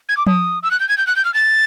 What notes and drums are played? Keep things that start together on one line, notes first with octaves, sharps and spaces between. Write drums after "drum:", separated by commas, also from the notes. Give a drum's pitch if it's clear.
G#6
D6
D#6, drum: tom F3
E6
F#6
G6
G#6
G6
F#6
G6
F6
A6